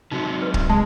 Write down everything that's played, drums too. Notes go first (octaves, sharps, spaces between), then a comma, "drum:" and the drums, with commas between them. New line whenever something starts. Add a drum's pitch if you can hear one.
C3 F#3 D#4 F#4
B4
drum: kick
G#3 A5